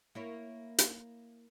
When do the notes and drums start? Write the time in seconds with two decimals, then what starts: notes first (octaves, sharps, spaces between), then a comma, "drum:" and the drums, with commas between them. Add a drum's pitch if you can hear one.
0.15 A#3 E4 C#5
0.78 drum: hi-hat